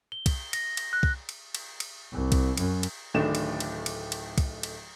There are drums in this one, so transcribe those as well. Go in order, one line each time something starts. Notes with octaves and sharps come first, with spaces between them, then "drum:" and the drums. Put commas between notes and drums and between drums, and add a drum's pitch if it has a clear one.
G7
drum: kick, cymbal
A#6, drum: cymbal
drum: cymbal
F#6
drum: kick
drum: cymbal
drum: cymbal
drum: cymbal
C2
drum: kick, cymbal
F#2, drum: cymbal
drum: cymbal
D1 D#3 A3 D4 E7
drum: cymbal
drum: cymbal
drum: cymbal
drum: cymbal
drum: kick, cymbal
drum: cymbal